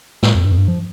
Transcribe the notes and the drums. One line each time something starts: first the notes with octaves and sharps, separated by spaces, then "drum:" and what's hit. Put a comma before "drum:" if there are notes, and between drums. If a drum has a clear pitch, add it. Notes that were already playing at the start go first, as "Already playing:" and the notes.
A2, drum: snare
F2
G2
F2
G2
F3